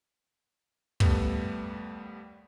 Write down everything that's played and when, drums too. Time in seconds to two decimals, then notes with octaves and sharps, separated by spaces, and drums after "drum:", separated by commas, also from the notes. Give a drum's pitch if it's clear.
1.00 D#2 G3 A3 B3, drum: kick